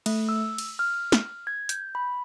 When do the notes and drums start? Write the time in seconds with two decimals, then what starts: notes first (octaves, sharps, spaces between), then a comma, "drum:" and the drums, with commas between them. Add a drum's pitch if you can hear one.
0.06 A3, drum: cymbal
0.29 E6
0.58 drum: cymbal
0.79 F6
1.12 drum: snare
1.47 G#6
1.69 G6, drum: hi-hat
1.95 B5